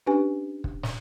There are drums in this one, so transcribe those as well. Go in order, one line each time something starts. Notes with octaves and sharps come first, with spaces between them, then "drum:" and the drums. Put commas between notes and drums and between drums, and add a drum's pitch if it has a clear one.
C#4 D4 G4 B4 G#5
drum: kick
drum: snare